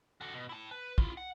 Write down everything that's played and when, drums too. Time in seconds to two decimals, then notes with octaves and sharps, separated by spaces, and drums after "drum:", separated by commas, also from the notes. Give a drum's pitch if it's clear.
0.21 F#4 A4
0.34 B2
0.49 E4 A5
0.71 B4
0.98 E4 F4, drum: kick
1.17 F#5